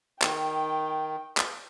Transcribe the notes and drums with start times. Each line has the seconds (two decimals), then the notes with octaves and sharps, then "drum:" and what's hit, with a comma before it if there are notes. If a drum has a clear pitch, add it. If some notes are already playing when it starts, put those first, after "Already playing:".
0.22 D#3 G5, drum: clap
1.37 drum: clap